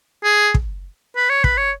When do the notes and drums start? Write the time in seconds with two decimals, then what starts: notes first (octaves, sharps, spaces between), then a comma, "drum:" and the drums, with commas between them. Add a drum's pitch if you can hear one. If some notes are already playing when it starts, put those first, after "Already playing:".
0.24 G#4
0.54 drum: kick
1.16 B4
1.30 C#5
1.44 B4, drum: kick
1.58 C#5